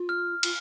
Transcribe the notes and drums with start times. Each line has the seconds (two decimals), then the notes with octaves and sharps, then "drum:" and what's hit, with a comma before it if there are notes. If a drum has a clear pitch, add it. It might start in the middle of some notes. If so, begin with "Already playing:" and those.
Already playing: F4
0.09 F6
0.43 F4, drum: cymbal